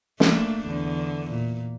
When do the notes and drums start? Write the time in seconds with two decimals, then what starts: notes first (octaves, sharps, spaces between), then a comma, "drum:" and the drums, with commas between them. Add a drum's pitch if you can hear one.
0.20 A3 A#3 D4, drum: snare
0.65 E2 D3
1.30 A#2